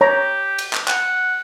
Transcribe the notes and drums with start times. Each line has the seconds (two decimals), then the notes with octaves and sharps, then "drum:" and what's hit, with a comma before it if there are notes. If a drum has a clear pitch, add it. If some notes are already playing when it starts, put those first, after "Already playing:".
0.01 G4 C#5 A#5
0.58 drum: cymbal
0.73 drum: clap
0.88 F#5, drum: clap